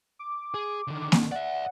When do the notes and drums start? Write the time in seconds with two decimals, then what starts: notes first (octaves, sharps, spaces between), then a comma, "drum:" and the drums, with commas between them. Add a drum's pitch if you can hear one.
0.19 D6
0.54 G#4
0.88 D3 D#3
1.12 drum: snare A#3
1.32 D5 E5 F#5